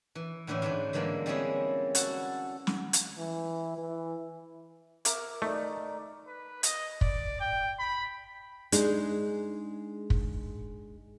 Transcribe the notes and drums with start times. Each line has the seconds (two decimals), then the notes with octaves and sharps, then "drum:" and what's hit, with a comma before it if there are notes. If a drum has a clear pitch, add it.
0.15 E3
0.47 A2 D3 E3 C#4 E4
0.62 G#2 E3 A3 D4
0.93 D3 E3 G3 G#3 A#3 D4
1.26 G3 G#3 C4 C#4 E4 G#4
1.95 F#4 A4 F#5, drum: hi-hat
2.67 drum: snare
2.93 drum: hi-hat
3.18 E3
3.78 E3
5.05 A#4 E5 D6, drum: hi-hat
5.42 A3 D#4 D5
6.27 B4
6.63 D#5, drum: hi-hat
7.01 D5, drum: kick
7.40 G5
7.79 B5
8.72 G#3 D4 D#4 G#4, drum: hi-hat
10.10 drum: kick